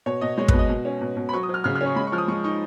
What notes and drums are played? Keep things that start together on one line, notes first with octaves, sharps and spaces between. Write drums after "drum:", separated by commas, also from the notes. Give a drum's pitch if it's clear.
B2 C#5
B2 D#5
G#3 C#5
B4, drum: kick
B2
D#5
B2
C#4
B2
B2
B5
F#3 C#6
D#6
F#3 F6
C#3 F6
F6
C#4
C#6
G#3 B5
C#6
F3 F6
D#6
G#3 C#6
D#4 C#6